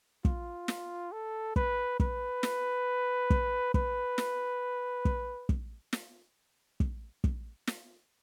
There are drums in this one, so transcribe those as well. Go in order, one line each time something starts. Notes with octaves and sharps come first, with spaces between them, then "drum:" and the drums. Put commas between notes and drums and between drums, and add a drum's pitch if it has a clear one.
F4, drum: kick
drum: snare
A4
B4, drum: kick
B4, drum: kick
drum: snare
drum: kick
B4, drum: kick
drum: snare
drum: kick
drum: kick
drum: snare
drum: kick
drum: kick
drum: snare